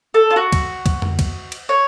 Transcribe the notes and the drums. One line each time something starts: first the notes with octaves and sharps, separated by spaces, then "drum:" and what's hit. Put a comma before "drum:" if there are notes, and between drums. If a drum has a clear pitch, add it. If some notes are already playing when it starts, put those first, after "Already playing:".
A4
F4
F#4
drum: kick, cymbal
drum: kick, cymbal
drum: tom F2
drum: kick, cymbal
drum: cymbal
C#5